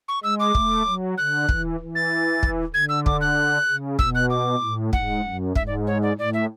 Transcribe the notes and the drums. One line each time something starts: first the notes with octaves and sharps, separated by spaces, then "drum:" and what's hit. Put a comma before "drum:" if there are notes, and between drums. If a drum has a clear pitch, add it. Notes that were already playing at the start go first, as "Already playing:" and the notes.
C#6
G#3 E6
D6
A3, drum: kick
F#3
D3 F#6
E3, drum: kick
E3
A6
drum: kick
D3 G#6
E6
D6, drum: kick
F#6
C#3
B2 E6, drum: kick
F#6
D6
A2
G#2 F#5, drum: kick
F#2
G#2 E5, drum: kick
D5
C#5
D5
A2 D5
E5